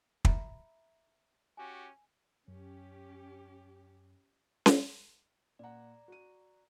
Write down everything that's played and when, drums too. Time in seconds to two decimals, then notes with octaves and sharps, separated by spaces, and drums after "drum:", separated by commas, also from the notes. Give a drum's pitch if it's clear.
0.25 E5 A#5 B5, drum: kick
1.57 C#4 F#4 G4 G#5
2.48 F#2 C#4 G4
4.66 drum: snare C#4
5.59 A#2 D5 F#5 A#5
6.08 F#4 D#7